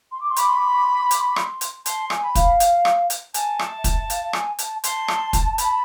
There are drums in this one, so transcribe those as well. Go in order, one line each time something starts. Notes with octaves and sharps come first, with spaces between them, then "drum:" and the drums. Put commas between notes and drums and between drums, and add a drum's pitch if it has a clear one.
C6
D6
C6
B5 D6, drum: hi-hat
C6
D6
C6
D6
C6
D6
C6
D6, drum: hi-hat
C6
D6
C6, drum: rim click
drum: hi-hat
A5 C6, drum: hi-hat
G#5, drum: rim click
B5
F5, drum: kick, hi-hat
drum: hi-hat
drum: rim click
drum: hi-hat
G#5 A5, drum: hi-hat
drum: rim click
E5
drum: kick, hi-hat
F5, drum: hi-hat
F5
G#5, drum: rim click
A5, drum: hi-hat
A5 C6, drum: hi-hat
drum: rim click
drum: kick, hi-hat
B5, drum: hi-hat